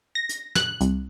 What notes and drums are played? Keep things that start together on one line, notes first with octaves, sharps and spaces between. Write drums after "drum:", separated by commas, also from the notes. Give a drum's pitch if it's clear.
A#6
drum: hi-hat
F#6, drum: snare
C2, drum: hi-hat